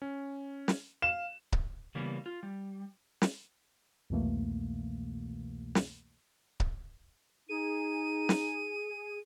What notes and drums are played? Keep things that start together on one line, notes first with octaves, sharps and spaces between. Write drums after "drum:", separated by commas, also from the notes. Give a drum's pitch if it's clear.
C#4
drum: snare
F5 E7
drum: kick C#1
C#3 E3 G3 A#3 B3
F4
G3
drum: snare
C2 F2 B2 E3 A3 A#3
drum: snare
drum: kick C#1
D#4 G#4 D#7
drum: snare